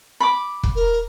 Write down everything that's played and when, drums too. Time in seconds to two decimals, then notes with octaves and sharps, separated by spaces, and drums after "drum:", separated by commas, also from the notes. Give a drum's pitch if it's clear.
0.20 B5 D6
0.63 drum: kick
0.75 A#4